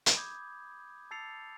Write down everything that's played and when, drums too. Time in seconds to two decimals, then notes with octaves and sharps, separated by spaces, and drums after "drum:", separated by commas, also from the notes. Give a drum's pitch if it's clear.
0.06 drum: hi-hat
0.16 B5 D6 D#6 G6 G#6
1.11 A5 E6 A6 C7 C#7 F7